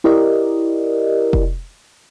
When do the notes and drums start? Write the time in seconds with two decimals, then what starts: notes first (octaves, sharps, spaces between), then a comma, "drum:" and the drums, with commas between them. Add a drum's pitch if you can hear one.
0.04 E4 G4 A#4 D5 D#5
1.33 drum: kick F1